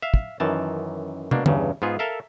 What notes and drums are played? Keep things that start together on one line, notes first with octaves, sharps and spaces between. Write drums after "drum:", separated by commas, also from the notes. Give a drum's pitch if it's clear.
E5 F5
drum: kick
F#2 D#3 E3 A5
B2 A#3 D4, drum: tom
E2 G2 C#3, drum: tom
G#2 B3 F4 G#4
A4 A#4 E5 F5